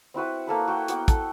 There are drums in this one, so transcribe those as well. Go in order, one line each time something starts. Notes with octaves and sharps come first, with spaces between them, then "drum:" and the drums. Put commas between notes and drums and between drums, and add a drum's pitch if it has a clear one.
C4 E4 F#4 B4
A#3 A4 B4
F#4 G5 A#5
B3 F#4 F#5 G5, drum: hi-hat
A4, drum: kick, hi-hat